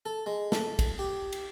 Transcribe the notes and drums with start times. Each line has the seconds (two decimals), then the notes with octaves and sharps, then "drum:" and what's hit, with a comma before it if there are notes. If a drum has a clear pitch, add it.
0.06 A4
0.26 G#3
0.52 A4, drum: snare
0.79 drum: kick, cymbal
0.99 G4
1.32 drum: cymbal